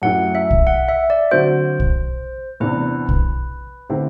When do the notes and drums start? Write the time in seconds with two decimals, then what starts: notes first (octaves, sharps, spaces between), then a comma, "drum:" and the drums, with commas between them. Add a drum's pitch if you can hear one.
0.02 F#2 F#3 A3 E4 G4 F#5
0.35 E5
0.51 drum: kick
0.67 F#5
0.88 E5
1.10 D5
1.31 D3 F#3 C4 F#4 C5
1.80 drum: kick
2.60 E2 C3 E3 B3 D4 B4
3.09 drum: kick
3.89 D3 A3 C4 E4 G4